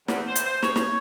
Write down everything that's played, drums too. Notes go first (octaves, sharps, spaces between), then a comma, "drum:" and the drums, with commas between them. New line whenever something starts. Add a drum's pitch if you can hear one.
E2, drum: snare
C5
C3 E3, drum: hi-hat
C5
A2 C#5, drum: snare
drum: snare